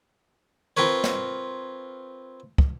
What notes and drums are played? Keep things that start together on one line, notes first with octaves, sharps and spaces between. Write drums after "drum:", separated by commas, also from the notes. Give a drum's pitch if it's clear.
C4 F4 A#4 B4 C#5
drum: snare
drum: kick